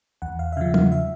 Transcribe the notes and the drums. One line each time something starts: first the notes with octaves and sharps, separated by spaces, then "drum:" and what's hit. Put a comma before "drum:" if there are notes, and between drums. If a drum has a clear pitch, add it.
E2 F#5
F5
E5
C#3 F3 F5
F5, drum: tom
E5